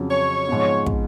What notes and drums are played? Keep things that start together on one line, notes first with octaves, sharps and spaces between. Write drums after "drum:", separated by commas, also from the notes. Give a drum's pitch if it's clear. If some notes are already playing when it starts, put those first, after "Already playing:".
Already playing: F2 C#3 F#3 C#4
C#5
G#2 F3 B3
drum: kick